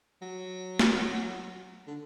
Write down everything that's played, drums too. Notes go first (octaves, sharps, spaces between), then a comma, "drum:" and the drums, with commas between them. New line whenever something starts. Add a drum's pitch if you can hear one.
F#3
drum: snare
D3